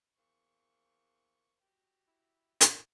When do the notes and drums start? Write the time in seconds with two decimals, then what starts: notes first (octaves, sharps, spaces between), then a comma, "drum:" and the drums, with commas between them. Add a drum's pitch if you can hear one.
0.17 E2 A#3 C5 C#6
1.61 F#4 G4
2.07 E4
2.61 drum: hi-hat